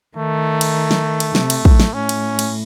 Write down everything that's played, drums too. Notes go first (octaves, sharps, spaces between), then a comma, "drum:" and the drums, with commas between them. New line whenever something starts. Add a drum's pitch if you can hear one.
D#3 A3
drum: cymbal
drum: snare
drum: cymbal
C3, drum: snare
drum: cymbal
A2, drum: kick
drum: snare
A2 C#4
drum: cymbal
drum: cymbal